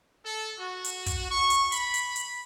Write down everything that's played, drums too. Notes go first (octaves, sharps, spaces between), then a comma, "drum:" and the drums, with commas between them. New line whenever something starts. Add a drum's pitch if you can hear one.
A4
F#4
drum: hi-hat
drum: kick, hi-hat
C#6
drum: hi-hat
B5, drum: hi-hat
drum: hi-hat
drum: hi-hat